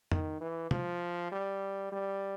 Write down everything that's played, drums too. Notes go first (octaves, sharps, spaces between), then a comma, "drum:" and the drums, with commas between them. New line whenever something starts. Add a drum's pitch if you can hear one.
D#3, drum: tom
E3
F3, drum: tom
G3
G3